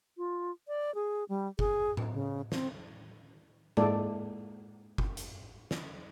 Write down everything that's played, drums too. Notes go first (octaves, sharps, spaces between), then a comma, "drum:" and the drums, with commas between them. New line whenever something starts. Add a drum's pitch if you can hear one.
F4
D5
G#4
G3
G#4, drum: kick F#1
drum: tom A2
C#3
C4, drum: snare
G#3 A#3 E4 A4 D5, drum: tom G#2
drum: kick F#1
drum: hi-hat
drum: snare